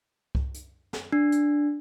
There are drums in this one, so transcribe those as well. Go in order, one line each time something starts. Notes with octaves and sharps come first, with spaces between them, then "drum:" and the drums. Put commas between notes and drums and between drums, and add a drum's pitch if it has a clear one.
drum: kick C2
drum: hi-hat
drum: snare
D4
drum: hi-hat